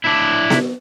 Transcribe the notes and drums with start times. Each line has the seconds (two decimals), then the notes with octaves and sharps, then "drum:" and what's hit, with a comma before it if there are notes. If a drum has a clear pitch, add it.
0.04 D4 E4
0.50 drum: snare B3